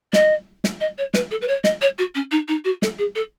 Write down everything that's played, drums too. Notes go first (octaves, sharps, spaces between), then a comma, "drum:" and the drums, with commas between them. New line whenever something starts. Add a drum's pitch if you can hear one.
D#5, drum: snare
drum: snare
D#5
C#5
B4, drum: snare
A4
B4
C#5
D#5, drum: snare
C#5
F#4
C#4
D#4
D#4
F#4
A4, drum: snare
G#4
A4